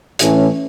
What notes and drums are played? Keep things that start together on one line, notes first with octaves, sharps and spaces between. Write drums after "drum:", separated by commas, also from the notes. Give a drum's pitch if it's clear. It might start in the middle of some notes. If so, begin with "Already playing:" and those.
A2 E3 A3 C#4, drum: hi-hat